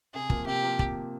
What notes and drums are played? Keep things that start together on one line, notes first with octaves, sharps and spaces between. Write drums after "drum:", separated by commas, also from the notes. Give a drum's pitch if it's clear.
C3 G#4
F3 A#3, drum: kick
C3 G4
F3 A#3
drum: kick